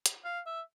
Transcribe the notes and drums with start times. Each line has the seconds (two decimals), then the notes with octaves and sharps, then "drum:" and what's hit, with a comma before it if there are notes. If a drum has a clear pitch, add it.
0.06 drum: hi-hat
0.25 F5
0.46 E5